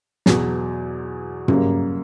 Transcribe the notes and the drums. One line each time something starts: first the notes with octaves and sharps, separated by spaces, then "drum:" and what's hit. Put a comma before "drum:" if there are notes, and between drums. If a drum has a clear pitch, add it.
E2 B2 F#3, drum: snare
F#2 C#3 G3 A#3, drum: tom